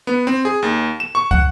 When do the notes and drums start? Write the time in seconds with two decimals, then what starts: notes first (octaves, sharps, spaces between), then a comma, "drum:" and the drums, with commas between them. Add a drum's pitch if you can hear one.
0.07 B3
0.27 C4
0.45 G#4
0.62 D#2
1.00 E7
1.15 C#6
1.31 F#5, drum: kick